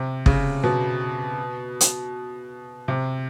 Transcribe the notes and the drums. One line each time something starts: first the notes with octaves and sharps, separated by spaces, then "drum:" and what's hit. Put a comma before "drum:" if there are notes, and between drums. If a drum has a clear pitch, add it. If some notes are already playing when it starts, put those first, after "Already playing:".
Already playing: C3
C#3, drum: kick
B2
drum: hi-hat
C3